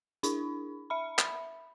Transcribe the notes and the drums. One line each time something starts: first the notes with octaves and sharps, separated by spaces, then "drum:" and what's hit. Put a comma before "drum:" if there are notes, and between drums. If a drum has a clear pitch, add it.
D4 E4, drum: hi-hat
E5 B5
drum: clap